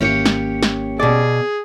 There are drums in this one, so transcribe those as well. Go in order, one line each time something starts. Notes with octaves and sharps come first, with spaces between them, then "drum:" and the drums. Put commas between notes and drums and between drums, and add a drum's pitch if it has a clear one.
G#1 A#3 C#4 G4 C#5 C#7
drum: snare
drum: snare
B2 G#4 D5